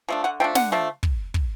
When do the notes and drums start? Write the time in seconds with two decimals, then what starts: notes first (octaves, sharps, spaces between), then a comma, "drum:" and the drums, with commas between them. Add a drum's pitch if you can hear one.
0.09 F3 A3 D4
0.24 D3 F#5
0.40 F3 A3 D4 G5
0.55 D3 F#5, drum: snare
0.72 F3 A3 D4
1.03 drum: kick
1.34 drum: kick